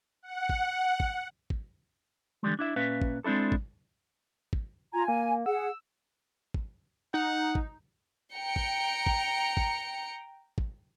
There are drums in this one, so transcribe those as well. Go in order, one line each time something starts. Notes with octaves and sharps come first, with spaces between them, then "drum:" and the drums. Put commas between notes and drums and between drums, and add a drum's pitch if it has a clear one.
F#5
drum: kick
drum: kick
drum: kick
D3 E3 G3 G#3
D4 E4 E5
A#2 C#4 B4 E5 F5
drum: kick
G#3 C4 D4 E4 A4
drum: kick
drum: kick
F4 G#5 A#5
A#3 G#5
G#4 F#5 E6
drum: kick
D#4 F#5
drum: kick
G5 A#5 C#7
drum: kick
drum: kick
drum: kick
drum: kick